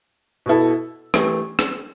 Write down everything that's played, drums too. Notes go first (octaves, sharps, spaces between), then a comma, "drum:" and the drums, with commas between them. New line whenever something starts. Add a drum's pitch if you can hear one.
B2 B3 E4 A4
E3 A3 G4, drum: rim click
drum: rim click